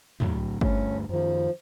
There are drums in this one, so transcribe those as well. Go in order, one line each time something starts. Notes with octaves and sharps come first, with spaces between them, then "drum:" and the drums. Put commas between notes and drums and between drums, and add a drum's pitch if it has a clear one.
D2 A2 F#3, drum: tom
D2 G2 A3 C#4, drum: kick G1
F#2 D#3 F3